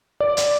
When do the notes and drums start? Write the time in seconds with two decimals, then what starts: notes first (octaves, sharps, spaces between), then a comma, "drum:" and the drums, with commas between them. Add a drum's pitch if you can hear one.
0.20 D5
0.37 drum: hi-hat